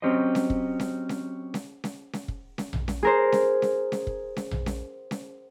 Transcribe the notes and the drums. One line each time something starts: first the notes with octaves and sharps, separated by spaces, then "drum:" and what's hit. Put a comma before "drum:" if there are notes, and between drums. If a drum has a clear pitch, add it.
F#3 C4 C#4 G4 C5 D#5
drum: snare C#4
drum: kick
drum: snare C#4
drum: snare C#4
drum: snare C#4
drum: snare C#4
drum: snare C#4
drum: kick
drum: snare C#4
drum: tom A#1
drum: snare C#4
G#4 A#4 C5
drum: snare C#4
drum: snare C#4
drum: snare C#4
drum: kick
drum: snare C#4
drum: tom A#1
drum: snare C#4
drum: snare C#4